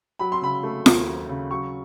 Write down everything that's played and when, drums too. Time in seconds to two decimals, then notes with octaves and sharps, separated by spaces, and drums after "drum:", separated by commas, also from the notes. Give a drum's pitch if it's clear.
0.19 F#3 B5
0.32 C6
0.42 C#3 B5
0.63 A3
0.86 D#2, drum: snare F4
1.07 F#3
1.29 C#3
1.51 F#3 C#6